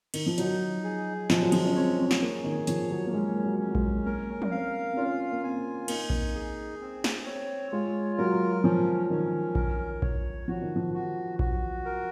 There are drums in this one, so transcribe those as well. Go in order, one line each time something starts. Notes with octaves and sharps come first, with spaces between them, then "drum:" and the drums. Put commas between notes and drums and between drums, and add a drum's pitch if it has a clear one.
D#3, drum: cymbal
F3
F#3 D#4, drum: hi-hat
G#4
F3 G#3, drum: snare
F#3
F3, drum: cymbal
C#4
C4 C#5
C4
drum: snare
A#3 G#4
D#3
F3 C#5, drum: hi-hat
F#3
A#3
G#3 C#4
F#3
C#4
F#3
G#3, drum: kick A#1
A#3 A#4
C#4, drum: tom F3
C4 F5
C4
C#4 F4
A#3
C4 G#5
A#3 D#4, drum: cymbal
drum: kick A#1
G#4
C4
drum: snare
C#5
G#3 F4
F#3 A#4
F3 C#4
D#3 C#4
A#4, drum: kick A#1
C#5, drum: kick A#1
F3 F#4
D#3
F3
F#4
F#4, drum: kick A#1
A#4